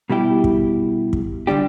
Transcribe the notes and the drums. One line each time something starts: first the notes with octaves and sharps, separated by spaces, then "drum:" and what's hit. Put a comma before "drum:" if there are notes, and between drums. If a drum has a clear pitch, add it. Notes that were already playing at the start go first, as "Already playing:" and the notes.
B2 G3 E4 G4
drum: kick
drum: kick
D3 G3 D4 G4